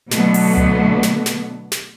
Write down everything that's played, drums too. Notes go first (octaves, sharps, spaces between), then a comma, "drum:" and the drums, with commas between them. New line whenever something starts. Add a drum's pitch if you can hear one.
B2 D3 F#3 A3 B3, drum: snare
drum: open hi-hat
drum: tom C#2
drum: snare
drum: snare
drum: snare